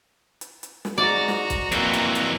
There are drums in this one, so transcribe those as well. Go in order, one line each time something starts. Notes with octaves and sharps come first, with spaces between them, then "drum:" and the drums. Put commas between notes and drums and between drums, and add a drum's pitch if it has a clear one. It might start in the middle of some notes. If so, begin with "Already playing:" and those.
drum: hi-hat
drum: hi-hat
drum: snare
G#2 F#4 D5 A#5
drum: snare
drum: kick B1, hi-hat
F2 E3 A#3, drum: hi-hat
drum: hi-hat
drum: hi-hat